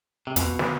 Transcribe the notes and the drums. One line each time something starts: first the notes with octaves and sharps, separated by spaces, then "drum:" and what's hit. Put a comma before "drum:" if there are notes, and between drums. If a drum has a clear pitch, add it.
C3
F2 B2, drum: hi-hat
drum: snare